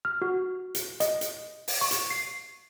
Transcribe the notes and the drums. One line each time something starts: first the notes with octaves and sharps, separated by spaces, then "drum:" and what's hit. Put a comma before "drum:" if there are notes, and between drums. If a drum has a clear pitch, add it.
F6
F#4
drum: hi-hat
D#5, drum: hi-hat
drum: hi-hat
drum: open hi-hat
C#6
drum: hi-hat
C7